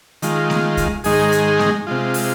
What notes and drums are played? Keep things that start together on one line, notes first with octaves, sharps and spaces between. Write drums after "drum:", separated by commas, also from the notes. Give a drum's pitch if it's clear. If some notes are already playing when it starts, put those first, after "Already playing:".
D#3 G#3 F4, drum: hi-hat
drum: snare A3
drum: kick C2, hi-hat
G#2 D#3 G#3 D#4 G#4, drum: open hi-hat
drum: hi-hat
drum: snare A3
C3 G#3 F4
drum: open hi-hat